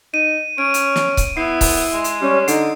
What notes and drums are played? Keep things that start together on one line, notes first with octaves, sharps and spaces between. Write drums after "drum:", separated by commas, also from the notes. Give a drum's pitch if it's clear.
D#4 D#7
C#4 C#5 D7
drum: hi-hat
drum: snare
drum: kick C#1, hi-hat
B3 E4 C7
drum: kick C#1, open hi-hat
G#3
drum: hi-hat
G3 C#4
D3 D#4 C7, drum: hi-hat